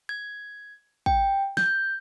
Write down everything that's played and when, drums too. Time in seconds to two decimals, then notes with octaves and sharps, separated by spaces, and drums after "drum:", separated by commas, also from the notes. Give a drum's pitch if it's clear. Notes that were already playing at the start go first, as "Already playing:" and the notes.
0.09 G#6
1.06 G5, drum: kick
1.57 G6, drum: snare